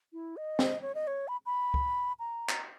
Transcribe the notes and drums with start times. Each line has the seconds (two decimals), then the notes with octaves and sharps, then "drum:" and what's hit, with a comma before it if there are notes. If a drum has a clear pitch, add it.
0.13 E4
0.37 D#5
0.59 drum: snare
0.82 C#5
0.95 D#5
1.07 C#5
1.28 B5
1.46 B5
1.74 drum: kick C#2
2.19 A#5
2.49 drum: clap